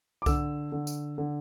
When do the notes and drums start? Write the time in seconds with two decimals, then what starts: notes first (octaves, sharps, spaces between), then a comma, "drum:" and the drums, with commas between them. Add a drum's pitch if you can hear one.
0.22 D6
0.26 D3 E6, drum: kick C2, tambourine
0.72 D3
0.87 drum: tambourine
1.18 D3